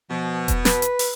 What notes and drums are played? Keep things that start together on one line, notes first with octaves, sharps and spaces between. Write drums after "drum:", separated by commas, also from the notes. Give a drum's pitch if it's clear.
B2 F3
drum: kick E1, hi-hat
B4, drum: snare
drum: hi-hat
drum: open hi-hat